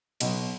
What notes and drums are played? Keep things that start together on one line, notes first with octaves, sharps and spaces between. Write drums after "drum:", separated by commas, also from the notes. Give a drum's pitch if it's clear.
B1 B2 D#5, drum: cymbal